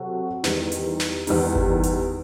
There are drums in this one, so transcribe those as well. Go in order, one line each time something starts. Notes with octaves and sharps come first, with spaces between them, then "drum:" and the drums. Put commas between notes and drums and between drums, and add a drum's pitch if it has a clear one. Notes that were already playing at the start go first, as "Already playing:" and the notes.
Already playing: C3 F#3 C4 F#4 A4
E2 D#3 G3 D#4, drum: snare
drum: hi-hat
drum: snare
E2 D#3 G3 D#4, drum: open hi-hat
drum: kick G1
drum: hi-hat